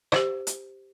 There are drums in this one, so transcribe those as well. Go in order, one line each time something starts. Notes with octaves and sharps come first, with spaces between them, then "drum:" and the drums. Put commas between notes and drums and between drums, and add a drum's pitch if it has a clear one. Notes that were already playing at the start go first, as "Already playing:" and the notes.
G4 C5, drum: rim click
drum: hi-hat